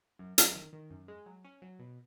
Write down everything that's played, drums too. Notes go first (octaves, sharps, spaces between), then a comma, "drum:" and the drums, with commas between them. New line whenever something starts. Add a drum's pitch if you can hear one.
F#2
F#2, drum: hi-hat
D#3
D#3
F#2
G#3
F#3
C#4
F#3
B2